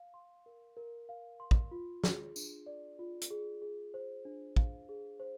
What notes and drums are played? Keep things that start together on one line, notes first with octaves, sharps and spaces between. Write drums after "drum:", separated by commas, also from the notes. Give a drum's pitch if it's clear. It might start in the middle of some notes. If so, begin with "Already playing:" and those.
Already playing: F5
C6
A#4
A#4
F5
C6
drum: kick
F4
G#4, drum: snare
D4, drum: tambourine
D5
F4
drum: hi-hat
G#4
G#4
C5
D4
F5, drum: kick
G#4
C5